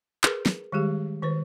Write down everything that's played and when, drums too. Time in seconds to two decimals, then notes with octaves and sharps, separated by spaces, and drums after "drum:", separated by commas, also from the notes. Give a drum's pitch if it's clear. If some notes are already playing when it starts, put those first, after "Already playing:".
0.23 G#4 A#4 B4, drum: clap
0.46 drum: snare
0.72 D#3 G3 G#3 G4 G#4
1.22 D#3 B4 C5